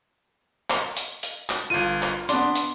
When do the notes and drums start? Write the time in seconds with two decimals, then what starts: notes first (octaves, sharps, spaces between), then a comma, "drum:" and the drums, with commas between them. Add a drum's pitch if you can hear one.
0.70 drum: clap
0.97 drum: hi-hat
1.23 drum: hi-hat
1.49 drum: clap
1.70 G1 F4 D#7
2.02 drum: clap
2.29 B3 D4 C6, drum: hi-hat
2.55 drum: hi-hat